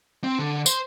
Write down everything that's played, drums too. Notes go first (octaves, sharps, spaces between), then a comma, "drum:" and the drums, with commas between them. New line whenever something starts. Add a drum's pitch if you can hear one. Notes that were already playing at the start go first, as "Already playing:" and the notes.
C4
D3
C5, drum: tambourine